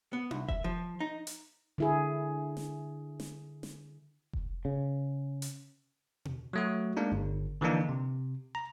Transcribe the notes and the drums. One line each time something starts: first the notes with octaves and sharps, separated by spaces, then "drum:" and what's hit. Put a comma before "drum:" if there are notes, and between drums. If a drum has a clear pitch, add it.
B3
C2, drum: tom D4
E5, drum: kick F1
F3
D#4
drum: hi-hat
D3 E4 G#4
drum: snare
drum: snare
drum: snare
drum: kick F1
C#3
drum: hi-hat
drum: tom B2
F#3 A3 F#4
G#3 A#3 D4 D#4
G1
D3 E3 F3 A#3 D4 D#4
C3
A#5